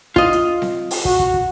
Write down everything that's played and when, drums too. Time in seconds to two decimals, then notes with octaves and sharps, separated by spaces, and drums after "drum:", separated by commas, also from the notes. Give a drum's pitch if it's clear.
0.16 F4 D#5, drum: kick
0.33 drum: hi-hat
0.62 drum: snare C4
0.91 drum: open hi-hat
1.05 F#4, drum: kick
1.19 drum: kick
1.34 drum: kick